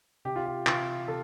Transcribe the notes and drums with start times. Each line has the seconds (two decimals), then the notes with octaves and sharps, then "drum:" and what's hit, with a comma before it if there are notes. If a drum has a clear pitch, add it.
0.25 C3 G4
0.36 F4
0.46 G4
0.66 C3 F4, drum: clap
1.08 C3 A4